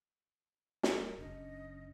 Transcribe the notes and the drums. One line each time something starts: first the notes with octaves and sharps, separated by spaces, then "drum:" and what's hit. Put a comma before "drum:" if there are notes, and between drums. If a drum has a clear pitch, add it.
drum: snare
G3 G#4 A#4
F#1 C#4 D4 D#5